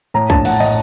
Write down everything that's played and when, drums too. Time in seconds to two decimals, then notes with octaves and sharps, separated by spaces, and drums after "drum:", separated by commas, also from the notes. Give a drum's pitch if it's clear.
0.14 A2 A#5
0.30 A#1 A5, drum: kick
0.45 A2 F#5, drum: cymbal
0.60 A2 D#5